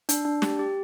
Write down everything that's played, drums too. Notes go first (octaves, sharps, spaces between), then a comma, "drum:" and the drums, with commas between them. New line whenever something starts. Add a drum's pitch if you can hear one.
D4, drum: hi-hat
D4
G4, drum: snare
G4